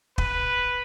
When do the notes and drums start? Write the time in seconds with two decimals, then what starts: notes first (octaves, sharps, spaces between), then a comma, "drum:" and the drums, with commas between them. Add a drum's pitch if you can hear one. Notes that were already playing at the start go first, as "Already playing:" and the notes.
0.18 B4, drum: kick